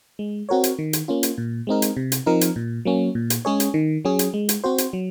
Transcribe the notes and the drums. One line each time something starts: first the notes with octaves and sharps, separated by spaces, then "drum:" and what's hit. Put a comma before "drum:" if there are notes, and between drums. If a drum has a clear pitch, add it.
G#3
C4 F#4 A#4 C#5
drum: hi-hat
D#3
drum: hi-hat
A#3 C#4 F4
drum: hi-hat
A#2
G#3 C4 D#4 A#4
drum: hi-hat
C3
drum: hi-hat
F3 C4 D#4 A#4
drum: hi-hat
A#2
F#3 A#3 C#4
A#2
drum: hi-hat
G#3 C#4 G#4 C#5
drum: hi-hat
D#3
F#3 C#4 G#4
drum: hi-hat
G#3
drum: hi-hat
C4 F#4 C5
drum: hi-hat
F#3